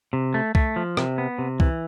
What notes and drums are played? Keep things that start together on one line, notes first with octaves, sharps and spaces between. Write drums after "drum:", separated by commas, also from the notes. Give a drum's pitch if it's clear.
C3
A3
A3, drum: kick
F3
C3, drum: rim click
B3
C3
E3, drum: kick